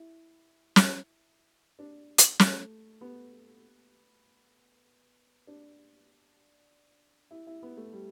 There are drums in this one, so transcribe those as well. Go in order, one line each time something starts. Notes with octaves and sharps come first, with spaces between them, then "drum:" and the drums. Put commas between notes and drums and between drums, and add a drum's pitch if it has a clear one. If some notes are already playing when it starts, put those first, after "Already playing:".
Already playing: E4
drum: snare
D4
drum: hi-hat
A3, drum: snare
B3
D4
E4
E4
B3
A3
G3